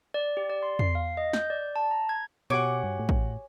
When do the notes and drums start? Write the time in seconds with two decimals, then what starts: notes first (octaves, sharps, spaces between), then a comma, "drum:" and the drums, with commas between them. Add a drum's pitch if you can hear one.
0.14 D5
0.37 G4
0.50 D5
0.63 C6
0.79 C7, drum: tom
0.95 F5
1.17 D#5
1.33 G6, drum: snare
1.50 D5
1.76 A5
1.91 A#5
2.09 G#6
2.50 B2 F#4 G4 C#5 F#5 G#5 D6
2.84 G2
2.99 A2
3.09 drum: kick